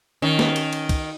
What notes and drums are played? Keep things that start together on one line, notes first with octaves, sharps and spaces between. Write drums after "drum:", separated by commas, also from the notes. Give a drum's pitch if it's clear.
D#3 C#4
drum: snare
drum: cymbal
drum: cymbal
drum: kick C2, cymbal